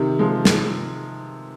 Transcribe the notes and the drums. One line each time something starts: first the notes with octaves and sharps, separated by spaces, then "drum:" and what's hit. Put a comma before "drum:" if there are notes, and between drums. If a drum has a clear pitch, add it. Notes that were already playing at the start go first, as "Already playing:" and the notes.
Already playing: C3 D#3
F3 G#3
drum: snare